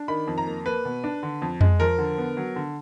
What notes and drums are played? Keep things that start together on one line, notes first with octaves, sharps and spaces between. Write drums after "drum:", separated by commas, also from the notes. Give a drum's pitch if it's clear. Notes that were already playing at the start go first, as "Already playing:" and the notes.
Already playing: D4
D#3 B5
F2
A#5
A#3
A#3 B4
B2
D4
D3
F2
G#3, drum: tom F2
F3 A#4
D3
B3
F#3
D3